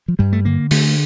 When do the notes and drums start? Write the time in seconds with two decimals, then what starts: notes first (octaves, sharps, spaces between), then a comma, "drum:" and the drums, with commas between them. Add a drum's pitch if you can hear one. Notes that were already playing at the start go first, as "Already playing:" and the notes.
0.08 F3
0.19 G2 G3
0.33 A3
0.45 D3 A#3
0.71 D3 A3, drum: open hi-hat